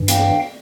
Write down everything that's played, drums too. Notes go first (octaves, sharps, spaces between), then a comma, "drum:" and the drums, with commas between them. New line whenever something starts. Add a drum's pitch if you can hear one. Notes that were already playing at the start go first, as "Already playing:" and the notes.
Already playing: G2 E3
F5 G5, drum: hi-hat